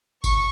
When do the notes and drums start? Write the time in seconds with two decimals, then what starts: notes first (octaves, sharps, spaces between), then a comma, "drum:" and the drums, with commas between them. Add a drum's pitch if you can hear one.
0.24 C#6, drum: kick G1, tambourine